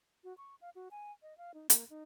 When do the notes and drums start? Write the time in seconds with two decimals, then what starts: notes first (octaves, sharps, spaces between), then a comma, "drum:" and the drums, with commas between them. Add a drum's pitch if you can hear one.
0.24 F#4
0.38 C#6
0.61 F5
0.75 F#4
0.91 G#5
1.22 D#5
1.38 F5
1.54 D#4
1.70 A#3, drum: hi-hat
1.90 D#4